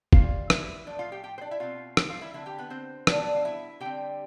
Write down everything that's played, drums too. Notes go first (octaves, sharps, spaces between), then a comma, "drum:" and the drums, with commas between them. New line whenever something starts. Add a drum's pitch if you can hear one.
E3 G3 C4 F4 F5, drum: kick F#1
E4 E5, drum: rim click
A2 F3 A3 D4 D5
F4 F5
G4 G5
G4 G5
C5
D4 D5
E4 E5
B2 A3 C4 F4 F5
drum: rim click
F4 F5
E4 E5
D3 A3 C4 E4 E5
G4 G5
B3 B4
C4 C5
B2 G3 B3 D4 D5, drum: rim click
F5
E4 E5
D3 G3 C4 G4 G5